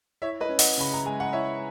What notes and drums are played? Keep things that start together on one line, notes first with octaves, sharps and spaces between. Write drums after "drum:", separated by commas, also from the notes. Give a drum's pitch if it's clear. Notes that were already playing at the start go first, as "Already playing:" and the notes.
E4 C#5 E5
B4 D#5
C#4
D#5 F#5, drum: open hi-hat
C#3 B5
A#5
G#3 G#5
F#5
E4 C#5 E5